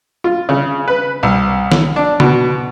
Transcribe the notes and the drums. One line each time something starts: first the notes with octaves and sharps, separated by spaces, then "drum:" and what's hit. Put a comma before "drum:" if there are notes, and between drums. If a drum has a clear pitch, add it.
F4
C#3
B4
C2
drum: snare
D4
B2, drum: tom C#3